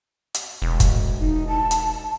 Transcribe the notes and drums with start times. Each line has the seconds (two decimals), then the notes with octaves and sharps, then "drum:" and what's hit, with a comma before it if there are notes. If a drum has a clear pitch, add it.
0.34 drum: hi-hat
0.62 E1
0.80 drum: kick F#1, hi-hat
1.20 D#4
1.48 A5
1.71 drum: hi-hat